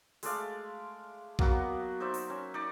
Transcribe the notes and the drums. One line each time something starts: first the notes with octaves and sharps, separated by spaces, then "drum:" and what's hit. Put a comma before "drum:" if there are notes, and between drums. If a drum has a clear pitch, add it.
G#3 A3 D5 F5, drum: open hi-hat
F#3 A#3 B3 F#4, drum: kick A#1
D#4 C5 D5 E5
drum: open hi-hat
C#4
D#4 D5